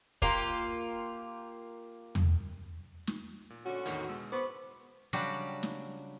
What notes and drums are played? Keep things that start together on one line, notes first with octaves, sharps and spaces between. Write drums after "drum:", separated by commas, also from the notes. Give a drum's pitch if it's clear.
A#3 F4 G4, drum: kick
drum: tom E2
drum: snare
A#2
D3 C#4 F#4
E2 A2 D#3, drum: hi-hat
B2 G#3 E6
B3 C5 B5 C#6 D6
C#3 F#3 G3 D4 F#4 G4
drum: snare